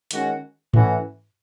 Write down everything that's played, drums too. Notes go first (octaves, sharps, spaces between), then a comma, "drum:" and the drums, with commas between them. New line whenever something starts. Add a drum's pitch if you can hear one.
D#3 G#3 C#4 F#4, drum: hi-hat
E3 A3 C#4 F#4, drum: tom G#2